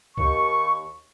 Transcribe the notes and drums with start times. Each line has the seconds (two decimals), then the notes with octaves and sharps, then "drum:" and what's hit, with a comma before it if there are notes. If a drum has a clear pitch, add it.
0.18 D#2 C#6, drum: kick